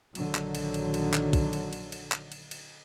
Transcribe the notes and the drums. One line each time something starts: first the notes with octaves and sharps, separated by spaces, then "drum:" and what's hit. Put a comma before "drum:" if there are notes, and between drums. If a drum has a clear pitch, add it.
A#1 D3 D#3 F#3, drum: cymbal
drum: clap
drum: cymbal
drum: cymbal
drum: cymbal
drum: clap
drum: kick, cymbal
drum: cymbal
drum: cymbal
drum: cymbal
drum: clap
drum: cymbal
drum: cymbal